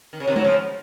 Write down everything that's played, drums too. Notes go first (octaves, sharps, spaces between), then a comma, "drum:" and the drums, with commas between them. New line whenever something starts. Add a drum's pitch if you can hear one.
D#3
C#3
C3 D#3
F#3, drum: tom G#3
C#3 F3